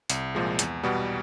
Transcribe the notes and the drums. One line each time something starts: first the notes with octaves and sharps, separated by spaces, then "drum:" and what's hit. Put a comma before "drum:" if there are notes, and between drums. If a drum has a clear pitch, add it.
C2, drum: hi-hat
A#2 F3 G#3
E2, drum: hi-hat
B2 G3 B3